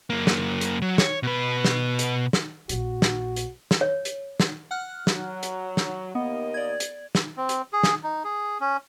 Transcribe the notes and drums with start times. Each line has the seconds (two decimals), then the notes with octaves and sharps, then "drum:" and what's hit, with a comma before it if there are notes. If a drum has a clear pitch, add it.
0.10 F#2 A#3
0.27 drum: snare
0.61 drum: hi-hat
0.82 F#3
0.98 C#5, drum: snare
1.23 B2 B4
1.65 drum: snare
1.99 drum: hi-hat
2.33 drum: snare
2.69 A#1 A#2 F#4, drum: hi-hat
3.02 drum: snare
3.36 drum: hi-hat
3.71 drum: snare
3.81 C#5
4.05 drum: hi-hat
4.40 drum: snare
4.71 F#5 F6 F#6
5.07 F#3, drum: snare
5.43 drum: hi-hat
5.77 drum: snare
6.15 D#2 A#3 B3 D#5
6.54 D5 G#6
6.80 drum: hi-hat
7.15 drum: snare
7.37 C4
7.49 drum: hi-hat
7.73 G#4
7.83 drum: snare
8.03 D#4
8.24 G#4
8.60 C#4